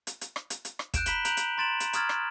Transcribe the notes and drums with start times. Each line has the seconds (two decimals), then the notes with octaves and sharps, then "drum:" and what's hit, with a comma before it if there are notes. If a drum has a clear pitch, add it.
0.07 drum: hi-hat
0.21 drum: hi-hat
0.36 drum: rim click
0.50 drum: hi-hat
0.65 drum: hi-hat
0.79 drum: rim click
0.94 F#6 G6 D7 E7, drum: kick, hi-hat
1.06 A#5 B5 B6 E7 F#7 G7, drum: hi-hat
1.25 A#5 F#6 G6 D7 F7 F#7, drum: hi-hat
1.37 drum: hi-hat
1.58 A#5 C6 A6 D7 E7 F#7
1.80 drum: hi-hat
1.93 A#5 C#6 D#6 F6 G#6 A6, drum: hi-hat
2.09 drum: rim click